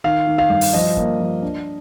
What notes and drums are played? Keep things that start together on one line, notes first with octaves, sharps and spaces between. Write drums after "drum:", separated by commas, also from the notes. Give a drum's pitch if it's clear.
D#3 F5
D#3
F5
G2
drum: open hi-hat
F3 D#5
A#3, drum: kick
F3
D4